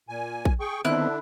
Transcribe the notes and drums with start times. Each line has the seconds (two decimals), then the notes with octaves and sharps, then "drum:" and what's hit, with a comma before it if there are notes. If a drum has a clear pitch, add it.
0.09 A#2 G#5
0.45 drum: kick A#1
0.60 G#4 G5 C#6
0.85 D3 D#3 B3 C4 D4 E4 F#6